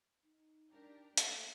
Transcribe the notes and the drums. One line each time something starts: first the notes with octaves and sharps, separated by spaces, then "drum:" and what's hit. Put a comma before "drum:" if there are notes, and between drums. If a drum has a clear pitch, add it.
D#4
D4 G4 A#4 A#5
A3 A#3 G4 A5 F#6, drum: hi-hat